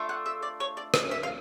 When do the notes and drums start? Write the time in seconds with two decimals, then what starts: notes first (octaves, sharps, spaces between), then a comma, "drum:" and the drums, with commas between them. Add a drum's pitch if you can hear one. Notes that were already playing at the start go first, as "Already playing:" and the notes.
Already playing: A3 D4 F4
0.09 F#5
0.26 E5
0.42 D5
0.60 C#5
0.77 D5
0.94 D#5, drum: rim click
1.11 E5
1.23 F5